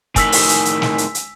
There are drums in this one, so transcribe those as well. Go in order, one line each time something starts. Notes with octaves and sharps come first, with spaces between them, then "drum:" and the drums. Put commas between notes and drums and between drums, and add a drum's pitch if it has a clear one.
A2 D#3 G#5 E6 B6, drum: kick, hi-hat
drum: open hi-hat
drum: hi-hat
drum: hi-hat
drum: snare
drum: hi-hat
drum: hi-hat